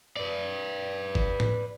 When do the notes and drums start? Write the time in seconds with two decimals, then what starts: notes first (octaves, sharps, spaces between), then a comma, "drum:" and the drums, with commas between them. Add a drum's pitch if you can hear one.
0.16 B4 D5
1.15 drum: kick G1
1.40 drum: tom A2